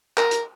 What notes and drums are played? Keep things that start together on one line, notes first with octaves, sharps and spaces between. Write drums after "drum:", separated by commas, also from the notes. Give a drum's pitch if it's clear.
A#4, drum: clap
drum: hi-hat